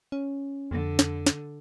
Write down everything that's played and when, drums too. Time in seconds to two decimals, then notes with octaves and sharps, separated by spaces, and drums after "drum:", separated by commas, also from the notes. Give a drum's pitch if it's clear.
0.12 C#4
0.71 F2 D3
0.99 drum: snare
1.26 drum: snare